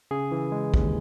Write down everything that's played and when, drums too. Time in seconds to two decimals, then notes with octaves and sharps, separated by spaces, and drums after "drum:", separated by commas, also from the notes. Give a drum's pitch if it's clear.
0.11 C#3 G#4
0.32 E3
0.52 G#3
0.74 D#2, drum: kick